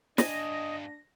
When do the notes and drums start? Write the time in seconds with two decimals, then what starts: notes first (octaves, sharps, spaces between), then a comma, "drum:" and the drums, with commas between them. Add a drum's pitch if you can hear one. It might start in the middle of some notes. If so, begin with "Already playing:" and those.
0.18 G2 D4 D#5 G#5 A#6, drum: snare